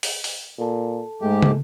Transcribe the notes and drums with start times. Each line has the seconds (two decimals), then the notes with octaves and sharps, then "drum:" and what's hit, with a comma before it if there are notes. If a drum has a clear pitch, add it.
0.03 drum: open hi-hat
0.24 drum: open hi-hat
0.58 A#2 A4 A5
1.22 G#2 G#3 A3 G4
1.42 drum: tom